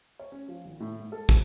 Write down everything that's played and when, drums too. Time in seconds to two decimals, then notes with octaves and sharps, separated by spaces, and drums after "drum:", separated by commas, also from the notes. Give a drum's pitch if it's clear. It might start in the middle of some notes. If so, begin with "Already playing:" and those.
0.19 C#5
0.32 C#4
0.48 F3
0.65 G#1
0.80 A2
1.00 G#2
1.12 A4
1.29 C4, drum: kick